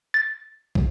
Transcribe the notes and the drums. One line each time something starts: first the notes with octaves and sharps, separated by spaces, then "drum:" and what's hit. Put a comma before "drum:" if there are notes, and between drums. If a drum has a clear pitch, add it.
A6
drum: kick